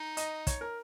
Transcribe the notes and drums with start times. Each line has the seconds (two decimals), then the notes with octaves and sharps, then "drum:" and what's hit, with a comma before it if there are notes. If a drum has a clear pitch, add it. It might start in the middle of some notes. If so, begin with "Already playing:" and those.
Already playing: D#4
0.17 D#5, drum: hi-hat
0.47 C#5, drum: kick, hi-hat
0.61 A#4